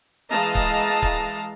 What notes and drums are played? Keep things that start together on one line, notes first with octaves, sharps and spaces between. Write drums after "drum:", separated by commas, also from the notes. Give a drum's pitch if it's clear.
E3 G#3 D#5 F5 A5 A#5
drum: kick C#1
drum: kick C#1